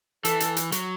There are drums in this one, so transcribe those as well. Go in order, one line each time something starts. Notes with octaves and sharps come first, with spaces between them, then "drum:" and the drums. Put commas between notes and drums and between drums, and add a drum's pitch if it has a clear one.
E3 A4, drum: hi-hat
drum: hi-hat
drum: hi-hat
F#3, drum: hi-hat